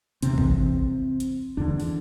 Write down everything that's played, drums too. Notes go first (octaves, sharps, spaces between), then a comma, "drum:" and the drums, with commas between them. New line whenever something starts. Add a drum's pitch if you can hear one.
E2 C3 C4, drum: hi-hat
drum: kick
drum: hi-hat
E2 D3 D4
drum: open hi-hat